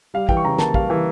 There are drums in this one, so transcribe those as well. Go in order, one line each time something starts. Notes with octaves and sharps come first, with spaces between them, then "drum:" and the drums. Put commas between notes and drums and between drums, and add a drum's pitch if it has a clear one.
G3 F5
E3 G5, drum: kick
C#6
C#3 A#5
A#3 A5, drum: snare
G3 F5, drum: kick
E3